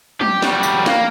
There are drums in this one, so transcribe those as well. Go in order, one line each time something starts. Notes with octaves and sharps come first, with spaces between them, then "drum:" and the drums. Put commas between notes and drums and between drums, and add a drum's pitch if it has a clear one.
G4, drum: tom
G3 F#4, drum: snare
drum: tambourine
A#3, drum: snare